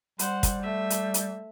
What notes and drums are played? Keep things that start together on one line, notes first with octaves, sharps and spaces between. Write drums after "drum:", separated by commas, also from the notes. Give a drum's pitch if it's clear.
G3 C5 F#5, drum: hi-hat
drum: kick, hi-hat
A3 E5
drum: hi-hat
drum: hi-hat